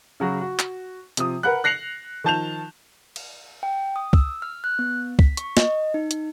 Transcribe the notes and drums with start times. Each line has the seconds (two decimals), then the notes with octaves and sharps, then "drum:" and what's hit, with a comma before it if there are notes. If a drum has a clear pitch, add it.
0.20 C#3 F#3 F#4
0.41 F#4
0.59 drum: clap
1.17 C3 F3 D#6, drum: hi-hat
1.43 A#4 B4 F#5 B5 F#6
1.64 F#6 A#6 C7 C#7 F7 F#7
2.24 D#3 F3 A5 G6 E7 F7
3.16 drum: cymbal
3.63 G5
3.96 D#6
4.13 E6, drum: kick
4.42 F6
4.64 F#6
4.79 B3
5.19 B6, drum: kick
5.37 C#6, drum: hi-hat
5.57 D#5, drum: snare
5.94 D#4
6.11 drum: hi-hat